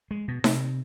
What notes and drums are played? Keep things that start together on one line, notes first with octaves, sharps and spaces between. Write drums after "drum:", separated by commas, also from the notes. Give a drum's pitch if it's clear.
G#3
B2
C3, drum: snare D#4